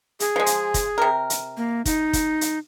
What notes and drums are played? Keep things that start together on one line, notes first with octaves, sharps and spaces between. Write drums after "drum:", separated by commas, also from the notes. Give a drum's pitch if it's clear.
G#4, drum: hi-hat
F3 G#3
drum: hi-hat
drum: kick, hi-hat
C3 A#4
drum: hi-hat
A#3
D#4, drum: kick, hi-hat
drum: kick, hi-hat
drum: hi-hat